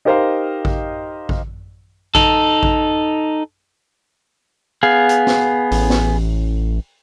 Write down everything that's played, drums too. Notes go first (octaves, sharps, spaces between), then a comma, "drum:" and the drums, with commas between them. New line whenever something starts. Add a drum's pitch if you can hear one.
D#4 G4 A#4 C5 D#5 F5
drum: kick A1
drum: kick A1
D#4 A4, drum: kick A1
drum: kick A1
B3 G#4 F5
drum: hi-hat
drum: snare
A1, drum: open hi-hat
drum: snare